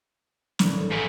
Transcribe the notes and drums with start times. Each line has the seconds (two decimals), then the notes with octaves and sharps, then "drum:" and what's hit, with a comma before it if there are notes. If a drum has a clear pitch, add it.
0.59 D#1, drum: snare
0.72 A1
0.92 G#2 E3